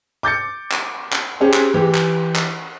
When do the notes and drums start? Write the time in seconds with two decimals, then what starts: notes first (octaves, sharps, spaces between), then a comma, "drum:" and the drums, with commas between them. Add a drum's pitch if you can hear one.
0.23 D6 G6 A6 C#7
0.72 drum: clap
1.13 drum: clap
1.40 C4 C#4 G4 G#4
1.54 drum: clap
1.74 E3 G4
1.95 drum: clap
2.36 drum: clap